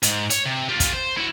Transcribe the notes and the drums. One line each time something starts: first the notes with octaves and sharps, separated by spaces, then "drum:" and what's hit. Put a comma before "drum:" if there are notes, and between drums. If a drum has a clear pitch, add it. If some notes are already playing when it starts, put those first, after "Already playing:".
G#2, drum: hi-hat
C#5, drum: hi-hat
C3
F4 G4
drum: kick, hi-hat
C5
E4 F#4